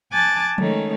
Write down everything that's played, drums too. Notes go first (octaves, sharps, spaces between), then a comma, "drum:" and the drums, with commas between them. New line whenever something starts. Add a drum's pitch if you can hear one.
G#5 A5 D6 F#6 A6
D#3 G#3 A3 C#4 D#4, drum: tom F3